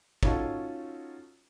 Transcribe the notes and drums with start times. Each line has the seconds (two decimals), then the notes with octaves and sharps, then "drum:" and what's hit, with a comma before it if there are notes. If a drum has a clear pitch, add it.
0.23 C#4 D#4 F4 F#4 A4, drum: kick